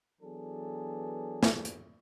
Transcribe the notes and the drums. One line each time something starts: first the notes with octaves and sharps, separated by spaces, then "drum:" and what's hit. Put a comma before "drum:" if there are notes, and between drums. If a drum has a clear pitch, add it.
E3 F#3 B3 D4 G#4 A4
drum: snare
drum: hi-hat